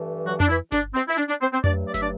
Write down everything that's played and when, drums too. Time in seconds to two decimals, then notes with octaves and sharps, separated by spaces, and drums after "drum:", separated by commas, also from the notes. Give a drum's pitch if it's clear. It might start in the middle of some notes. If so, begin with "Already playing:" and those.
Already playing: G2 E3 A3
0.25 F#3 F#4
0.40 D4, drum: tom F2
0.48 E3 E4
0.72 D4, drum: snare G1
0.94 C4
1.08 E4
1.17 D4
1.29 D4
1.41 C4 C5
1.53 C4 C5
1.64 G2 F#3 A3 D4 D5, drum: tom F2
1.87 D5
1.94 E5, drum: snare G1
2.02 D4 D5